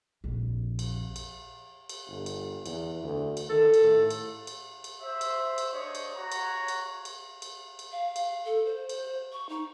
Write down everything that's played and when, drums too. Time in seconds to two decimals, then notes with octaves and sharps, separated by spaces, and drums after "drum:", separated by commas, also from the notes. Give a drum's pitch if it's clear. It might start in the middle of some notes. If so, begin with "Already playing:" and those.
0.24 A#1 F2
0.79 drum: cymbal
1.16 drum: cymbal
1.89 drum: cymbal
2.08 G1
2.26 drum: cymbal
2.66 E2, drum: cymbal
3.04 D2
3.37 drum: cymbal
3.49 D#3 A4
3.74 drum: cymbal
3.83 A2
4.11 drum: cymbal
4.47 drum: cymbal
4.84 drum: cymbal
5.01 C5 E5
5.21 drum: cymbal
5.58 drum: cymbal
5.73 D4 C5 C#5 D#5
5.95 drum: cymbal
6.15 F#4 C#5 F#5 A#5
6.32 drum: cymbal
6.68 drum: cymbal
7.05 drum: cymbal
7.42 drum: cymbal
7.79 drum: cymbal
7.92 F5
8.16 drum: cymbal
8.45 A4
8.66 C5
8.89 drum: cymbal
9.32 C#6
9.49 D#4